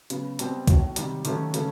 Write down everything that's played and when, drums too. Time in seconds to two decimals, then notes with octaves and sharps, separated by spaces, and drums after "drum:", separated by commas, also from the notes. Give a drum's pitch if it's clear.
0.10 C#3 F#3 B3, drum: hi-hat
0.39 B2 G3 C4, drum: hi-hat
0.68 B1 A2 F#3, drum: kick, hi-hat
0.96 C3 D#3 G3, drum: hi-hat
1.25 D#2 D#3 F#3 A3 C#4, drum: hi-hat
1.54 C#3 F#3 A3 C#4, drum: hi-hat